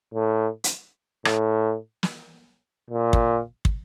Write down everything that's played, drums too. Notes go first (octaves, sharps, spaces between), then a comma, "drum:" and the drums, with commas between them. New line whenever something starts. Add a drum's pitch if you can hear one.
A2
drum: hi-hat
A2, drum: rim click
drum: snare
A#2
drum: kick
drum: kick